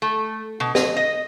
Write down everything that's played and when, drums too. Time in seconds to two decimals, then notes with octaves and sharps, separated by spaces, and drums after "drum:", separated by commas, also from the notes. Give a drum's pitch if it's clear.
0.02 A3
0.60 B2
0.75 D#5, drum: snare
0.97 D#5